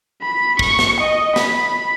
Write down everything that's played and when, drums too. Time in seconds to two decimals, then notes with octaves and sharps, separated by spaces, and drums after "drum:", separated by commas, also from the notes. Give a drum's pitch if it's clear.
0.22 B5
0.59 C#6, drum: kick
0.79 drum: snare
1.00 D#5
1.36 B5, drum: snare